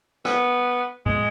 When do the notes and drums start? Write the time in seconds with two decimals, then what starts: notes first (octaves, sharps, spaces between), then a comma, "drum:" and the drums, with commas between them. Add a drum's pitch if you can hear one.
0.25 B3, drum: rim click
1.06 G#3, drum: tom A2